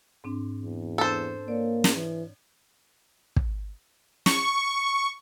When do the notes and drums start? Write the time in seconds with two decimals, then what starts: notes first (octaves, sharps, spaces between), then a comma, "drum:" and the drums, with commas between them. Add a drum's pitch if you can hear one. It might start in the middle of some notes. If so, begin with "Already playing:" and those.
0.24 G#2 C4 D4
0.63 E2
0.98 D4 A4 C5
1.48 A#3 C#5 D5
1.84 drum: snare
1.95 E3
3.36 drum: kick
4.26 C#6, drum: snare